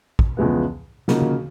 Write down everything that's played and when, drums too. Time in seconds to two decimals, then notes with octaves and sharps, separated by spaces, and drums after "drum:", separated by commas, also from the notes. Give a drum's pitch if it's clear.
0.19 drum: kick
0.37 E2 C#3 F3 G#3 B3
1.08 C#3 F3 A#3 D#4 F#4, drum: snare
1.22 drum: tom D3